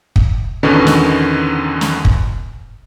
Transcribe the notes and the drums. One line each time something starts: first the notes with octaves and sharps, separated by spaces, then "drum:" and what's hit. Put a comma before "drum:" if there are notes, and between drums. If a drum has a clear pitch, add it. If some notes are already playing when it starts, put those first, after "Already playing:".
drum: kick
E2 B2 D3 D#3 B3 C#4
drum: snare
drum: snare
drum: kick